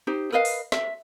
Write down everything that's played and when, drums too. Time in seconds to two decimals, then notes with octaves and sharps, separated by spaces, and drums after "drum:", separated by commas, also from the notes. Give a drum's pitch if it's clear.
0.07 D#4 G4 C5
0.32 A#4 B4 D#5 F5
0.45 drum: open hi-hat
0.72 E5, drum: snare